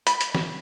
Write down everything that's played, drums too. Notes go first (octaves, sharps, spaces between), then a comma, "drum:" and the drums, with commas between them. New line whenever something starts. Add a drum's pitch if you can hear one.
B5, drum: hi-hat
drum: hi-hat
drum: snare